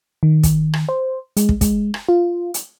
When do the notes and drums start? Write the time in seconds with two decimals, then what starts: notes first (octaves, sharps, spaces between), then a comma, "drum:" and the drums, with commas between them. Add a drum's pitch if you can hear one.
0.23 D#3
0.43 drum: kick, hi-hat
0.74 drum: rim click
0.89 C5
1.37 G#3, drum: hi-hat
1.49 drum: kick
1.61 G#3, drum: kick, hi-hat
1.94 drum: rim click
2.09 F4
2.54 drum: hi-hat